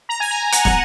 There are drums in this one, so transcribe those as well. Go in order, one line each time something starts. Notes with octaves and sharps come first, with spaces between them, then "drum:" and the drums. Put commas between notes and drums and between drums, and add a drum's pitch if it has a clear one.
A#5
G#5
A#5
G#5
F#5, drum: hi-hat
F#5, drum: snare